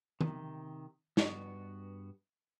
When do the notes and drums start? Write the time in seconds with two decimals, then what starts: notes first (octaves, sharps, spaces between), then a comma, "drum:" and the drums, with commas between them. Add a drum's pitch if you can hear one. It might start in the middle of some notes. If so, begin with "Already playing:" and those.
0.21 C3 D#3, drum: tom D#3
1.17 G2 B3 F#4, drum: snare